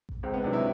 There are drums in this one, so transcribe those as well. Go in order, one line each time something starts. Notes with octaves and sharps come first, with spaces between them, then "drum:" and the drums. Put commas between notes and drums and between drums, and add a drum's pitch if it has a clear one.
drum: kick A1
C#2 C4
B3
C3 D#3 F#3 D4
E4